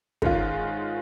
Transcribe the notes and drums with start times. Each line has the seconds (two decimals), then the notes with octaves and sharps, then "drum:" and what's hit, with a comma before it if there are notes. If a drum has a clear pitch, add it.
0.22 G#2 D#3 G#3 C#4 F4, drum: kick